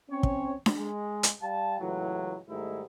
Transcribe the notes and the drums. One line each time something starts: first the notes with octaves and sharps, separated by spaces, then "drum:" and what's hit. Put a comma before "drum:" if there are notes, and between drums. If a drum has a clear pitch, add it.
C4 C#4 C#5
drum: kick
drum: snare D4
G#3
drum: hi-hat
G3 F5 G5 A5
C#2 A2 E3 F#3
G#2 D#3 G3 A3 D#4 E4